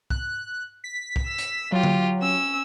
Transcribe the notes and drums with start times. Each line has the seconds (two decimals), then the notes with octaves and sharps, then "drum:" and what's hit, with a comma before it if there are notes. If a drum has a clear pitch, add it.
0.10 F#6, drum: kick
0.84 B6
1.16 drum: kick
1.27 E6
1.38 drum: hi-hat
1.72 F#3 F4 G4
1.83 drum: tom D3
2.20 C#4 E6